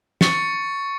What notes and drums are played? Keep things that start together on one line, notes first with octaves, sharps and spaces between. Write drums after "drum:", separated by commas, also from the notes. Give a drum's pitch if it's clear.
C#6 A6 C#7, drum: snare